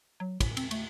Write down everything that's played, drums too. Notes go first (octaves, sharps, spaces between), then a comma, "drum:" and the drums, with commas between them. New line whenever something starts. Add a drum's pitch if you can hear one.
F#3
A2, drum: kick, cymbal
C4, drum: cymbal
A3, drum: cymbal